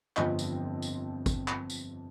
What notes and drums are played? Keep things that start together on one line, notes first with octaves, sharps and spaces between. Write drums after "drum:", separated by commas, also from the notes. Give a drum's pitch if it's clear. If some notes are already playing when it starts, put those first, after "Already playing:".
G1 F2 F3 C4 D#5, drum: clap
drum: tambourine
drum: tambourine
drum: kick G#1, tambourine
drum: clap
drum: tambourine